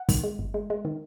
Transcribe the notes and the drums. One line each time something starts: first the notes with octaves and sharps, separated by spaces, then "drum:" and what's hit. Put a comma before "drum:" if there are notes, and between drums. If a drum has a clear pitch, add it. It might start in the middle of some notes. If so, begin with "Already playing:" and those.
Already playing: F#5
D#3, drum: kick, open hi-hat
G#3
G1
G#3
G#3
D#3